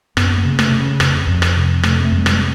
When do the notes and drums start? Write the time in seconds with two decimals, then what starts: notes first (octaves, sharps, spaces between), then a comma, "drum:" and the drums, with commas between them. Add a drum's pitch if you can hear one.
0.17 F#2 B3, drum: rim click
0.38 A#3
0.45 C#3
0.59 A3, drum: rim click
0.72 C#3
1.00 F2, drum: rim click
1.27 F2
1.42 drum: rim click
1.56 C3
1.83 C3 A3, drum: rim click
2.05 A3
2.12 F2
2.17 G3
2.26 G#3, drum: rim click